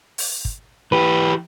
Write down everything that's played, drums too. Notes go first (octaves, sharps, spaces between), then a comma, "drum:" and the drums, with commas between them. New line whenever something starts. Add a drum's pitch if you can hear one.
drum: open hi-hat
drum: kick
E3 G4 B4